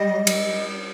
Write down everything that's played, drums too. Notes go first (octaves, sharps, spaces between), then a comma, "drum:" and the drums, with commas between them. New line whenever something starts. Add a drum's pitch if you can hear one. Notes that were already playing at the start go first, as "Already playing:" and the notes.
Already playing: G3 D#5
drum: cymbal